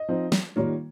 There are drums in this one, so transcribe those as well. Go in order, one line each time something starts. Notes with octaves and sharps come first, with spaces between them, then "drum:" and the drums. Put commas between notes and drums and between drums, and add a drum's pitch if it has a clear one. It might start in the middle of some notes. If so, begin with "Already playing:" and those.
Already playing: D#5
F3 C4 D#4
drum: snare
D#3 G3 A#3 F4 C#5